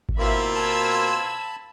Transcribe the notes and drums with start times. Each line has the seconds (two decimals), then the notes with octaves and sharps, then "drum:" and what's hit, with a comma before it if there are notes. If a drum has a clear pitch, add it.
0.09 drum: kick G#1
0.19 B2 A#3 C4 E4 F4 E5 B5
0.55 A5 B5 E6 G#6